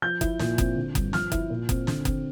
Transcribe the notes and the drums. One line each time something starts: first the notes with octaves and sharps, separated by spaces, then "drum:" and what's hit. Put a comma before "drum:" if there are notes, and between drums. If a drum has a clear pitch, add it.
F3 G6
E4, drum: kick F#1, hi-hat
A#2, drum: snare
C4, drum: kick F#1, hi-hat
D3
G2, drum: kick F#1, hi-hat
F3 F6, drum: snare
E4, drum: kick F#1, hi-hat
A#2
C4, drum: kick F#1, hi-hat
D3, drum: snare
C4, drum: kick F#1, hi-hat